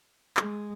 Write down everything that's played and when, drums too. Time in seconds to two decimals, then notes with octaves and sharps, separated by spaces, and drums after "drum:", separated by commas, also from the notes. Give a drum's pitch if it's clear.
0.37 G#3, drum: clap